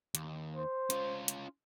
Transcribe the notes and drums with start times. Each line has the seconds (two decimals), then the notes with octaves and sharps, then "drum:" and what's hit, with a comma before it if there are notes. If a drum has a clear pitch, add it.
0.15 D#2, drum: hi-hat
0.56 C5
0.90 C#4 F4, drum: hi-hat
1.28 drum: hi-hat